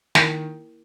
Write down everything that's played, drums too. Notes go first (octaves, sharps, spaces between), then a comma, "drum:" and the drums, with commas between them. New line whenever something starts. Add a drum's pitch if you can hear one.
D#3 A#3 E4 A#4, drum: snare